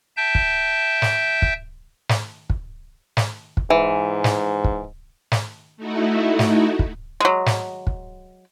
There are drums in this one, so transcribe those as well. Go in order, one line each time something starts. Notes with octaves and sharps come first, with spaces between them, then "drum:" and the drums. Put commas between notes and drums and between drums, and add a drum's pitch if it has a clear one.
E5 G5 A5 G6
drum: kick
drum: snare
drum: kick
drum: snare
drum: kick
drum: snare
drum: kick
G#2 E3
drum: snare
drum: kick
drum: snare
A3 D#4 E4 F#4
drum: snare
drum: kick
F#3 G#3
drum: snare
drum: kick